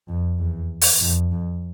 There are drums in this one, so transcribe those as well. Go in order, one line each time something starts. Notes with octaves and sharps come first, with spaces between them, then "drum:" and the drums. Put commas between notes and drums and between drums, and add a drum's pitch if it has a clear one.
F2
E2
drum: open hi-hat
F2
F2